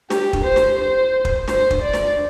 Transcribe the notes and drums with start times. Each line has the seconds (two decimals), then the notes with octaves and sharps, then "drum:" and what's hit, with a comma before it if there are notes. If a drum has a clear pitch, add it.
0.10 G4, drum: snare
0.33 drum: kick
0.44 C5
0.56 drum: snare
0.79 C5
1.25 drum: kick
1.48 C5, drum: snare
1.71 drum: kick
1.82 D5
1.93 drum: snare